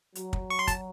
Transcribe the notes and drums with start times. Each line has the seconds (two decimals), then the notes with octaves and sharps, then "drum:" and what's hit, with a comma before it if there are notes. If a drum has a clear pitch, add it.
0.15 F#3, drum: hi-hat
0.33 drum: kick
0.50 C#6
0.59 C6
0.68 A5, drum: kick, hi-hat